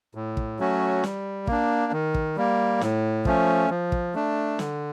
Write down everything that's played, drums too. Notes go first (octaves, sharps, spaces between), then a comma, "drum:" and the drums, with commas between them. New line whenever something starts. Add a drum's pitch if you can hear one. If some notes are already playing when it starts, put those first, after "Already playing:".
A2
drum: kick
F#3 A3 C#4 F#4
G3, drum: snare
A#3 D4, drum: kick
D#3
drum: kick
G3 A#3
A2, drum: snare
F3 A3 C#4, drum: kick
F3
drum: kick
A3 D4
D3, drum: snare